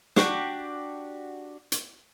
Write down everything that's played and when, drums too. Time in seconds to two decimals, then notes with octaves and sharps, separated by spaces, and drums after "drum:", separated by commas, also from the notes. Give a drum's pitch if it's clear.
0.16 D4 F#4 G4, drum: snare
1.72 drum: hi-hat